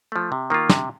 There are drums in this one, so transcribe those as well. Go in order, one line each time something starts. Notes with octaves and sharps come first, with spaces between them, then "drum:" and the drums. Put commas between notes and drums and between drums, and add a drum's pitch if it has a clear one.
F3 A3
C3
D#3 A#3 F4
C3, drum: snare